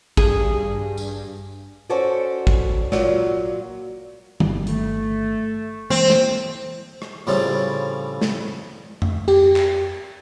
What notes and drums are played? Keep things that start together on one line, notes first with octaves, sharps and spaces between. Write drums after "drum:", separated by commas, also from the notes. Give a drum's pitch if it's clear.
G2 G#4, drum: kick A1
drum: tambourine
C#4 F#4 A4 C5 D5
drum: kick A1
A#2 F#3 F5, drum: snare
G1 G3, drum: tom D3
A3, drum: hi-hat
E3 G#3 A#3 C4
drum: snare
drum: rim click
A2 C#3 F3 G3 C4 E4
drum: snare
drum: tom F2
G4, drum: cymbal
drum: clap